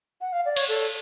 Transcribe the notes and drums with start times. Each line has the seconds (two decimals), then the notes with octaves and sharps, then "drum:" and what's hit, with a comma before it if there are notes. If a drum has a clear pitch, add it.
0.21 F#5
0.33 F5
0.45 D5
0.56 C#5, drum: cymbal
0.69 A4